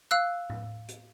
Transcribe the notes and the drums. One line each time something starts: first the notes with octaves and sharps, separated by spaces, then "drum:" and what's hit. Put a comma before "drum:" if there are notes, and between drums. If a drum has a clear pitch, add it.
F5 E6 F#6
drum: tom A2
drum: hi-hat